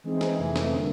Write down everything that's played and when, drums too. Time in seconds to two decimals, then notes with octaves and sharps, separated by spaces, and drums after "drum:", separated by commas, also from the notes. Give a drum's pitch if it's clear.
0.04 E3 G#3 C4 D#4 G#4
0.21 drum: snare
0.39 F2 C3 E3 A3
0.56 drum: snare
0.74 D3 G3 A#3